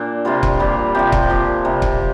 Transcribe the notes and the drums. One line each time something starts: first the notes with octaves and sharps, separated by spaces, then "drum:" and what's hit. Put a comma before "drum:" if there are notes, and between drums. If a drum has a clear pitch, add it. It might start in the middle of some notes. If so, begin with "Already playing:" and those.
Already playing: A#2 D4
C3 G3 F4
drum: kick C#1
A#2 G3
C3 F3 G4
drum: kick C#1
A#2 F3
C3 G3
drum: kick C#1